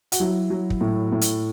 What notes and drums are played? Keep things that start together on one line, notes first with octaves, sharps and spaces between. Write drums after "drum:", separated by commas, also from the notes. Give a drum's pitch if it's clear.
F#4, drum: hi-hat
F#3 E4
F#3
drum: kick
A2
A2
drum: hi-hat